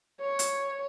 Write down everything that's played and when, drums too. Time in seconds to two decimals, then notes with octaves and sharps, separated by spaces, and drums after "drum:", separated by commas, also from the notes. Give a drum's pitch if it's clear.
0.21 C#5
0.39 drum: hi-hat